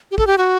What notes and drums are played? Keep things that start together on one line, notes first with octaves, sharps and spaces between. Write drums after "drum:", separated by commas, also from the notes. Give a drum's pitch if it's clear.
G4
A4, drum: kick
G4
F#4